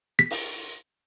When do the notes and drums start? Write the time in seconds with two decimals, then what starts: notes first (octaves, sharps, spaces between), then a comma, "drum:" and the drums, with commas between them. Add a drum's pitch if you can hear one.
0.19 B6
0.30 drum: open hi-hat